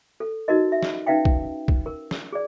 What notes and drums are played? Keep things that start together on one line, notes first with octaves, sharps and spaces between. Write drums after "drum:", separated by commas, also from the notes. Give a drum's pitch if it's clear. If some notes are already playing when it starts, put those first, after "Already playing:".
A4
D#4 F#4 A#4 D#5
E5
drum: snare
C#4 D#4 B4 E5 F5 G5
drum: kick
drum: kick
A#4
drum: snare
G#4 D5